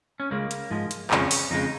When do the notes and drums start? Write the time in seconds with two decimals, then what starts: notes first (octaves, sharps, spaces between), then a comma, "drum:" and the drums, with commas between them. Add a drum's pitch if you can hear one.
0.20 C#4
0.31 C#2 C#3 G#3 A#3
0.51 drum: hi-hat
0.70 G#2 F3 G#3
0.91 drum: hi-hat
1.11 F2 C#3 F3 G#3 C#4, drum: clap
1.31 drum: open hi-hat
1.51 F2 C#3 G#3 D#4